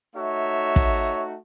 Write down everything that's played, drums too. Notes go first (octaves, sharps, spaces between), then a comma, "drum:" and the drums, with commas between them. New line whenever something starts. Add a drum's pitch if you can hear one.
A3 D#4 F#4 C#5 E5
drum: kick